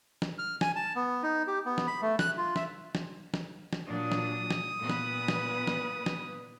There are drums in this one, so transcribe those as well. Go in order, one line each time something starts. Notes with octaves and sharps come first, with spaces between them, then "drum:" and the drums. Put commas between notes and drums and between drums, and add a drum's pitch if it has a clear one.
drum: snare
F6
G#5, drum: snare
A5
B3
D#4
G4
B3
drum: snare
B5
A3
F#6, drum: snare
F4
E5, drum: snare
drum: snare
drum: snare
drum: snare
A#2 F#3 D4 D#6
drum: snare
drum: snare
A#2 B3 B4
drum: snare
drum: snare
drum: snare
drum: snare